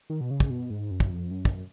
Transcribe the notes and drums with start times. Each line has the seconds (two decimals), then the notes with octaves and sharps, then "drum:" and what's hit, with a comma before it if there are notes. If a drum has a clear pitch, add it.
0.10 D#3
0.21 B2
0.31 C#3
0.40 drum: kick
0.50 B2
0.70 G#2
0.91 F#2
1.00 drum: kick
1.10 F2
1.31 F#2
1.45 drum: kick